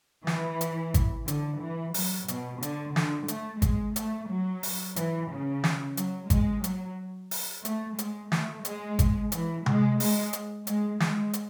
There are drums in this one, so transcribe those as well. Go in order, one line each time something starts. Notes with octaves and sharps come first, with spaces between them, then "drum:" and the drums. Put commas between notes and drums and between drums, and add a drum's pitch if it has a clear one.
E3, drum: snare
drum: hi-hat
drum: kick G#1, hi-hat
D3, drum: hi-hat
E3
F#3, drum: open hi-hat
B2, drum: hi-hat
D3, drum: hi-hat
D3, drum: snare
A3, drum: hi-hat
G#3, drum: kick G#1, hi-hat
A3, drum: hi-hat
F#3
drum: open hi-hat
E3, drum: hi-hat
C#3
drum: snare
F#3, drum: hi-hat
G#3, drum: kick G#1, hi-hat
F#3, drum: hi-hat
drum: open hi-hat
A3, drum: hi-hat
G#3, drum: hi-hat
A3, drum: snare
G#3, drum: hi-hat
drum: kick G#1, hi-hat
E3, drum: hi-hat
G#3, drum: tom C3
G#3, drum: open hi-hat
drum: hi-hat
G#3, drum: hi-hat
G#3, drum: snare
drum: hi-hat